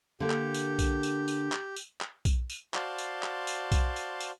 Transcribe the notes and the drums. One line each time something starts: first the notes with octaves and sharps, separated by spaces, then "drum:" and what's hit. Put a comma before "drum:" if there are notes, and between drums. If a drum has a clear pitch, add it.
D3 A#3 G4
drum: clap
drum: tambourine
drum: kick B1, tambourine
drum: tambourine
drum: tambourine
drum: clap
drum: tambourine
drum: clap
drum: kick B1, tambourine
drum: tambourine
F#4 C5 D5 F5 A5 C6, drum: clap
drum: tambourine
drum: clap
drum: tambourine
drum: kick B1, tambourine
drum: tambourine
drum: tambourine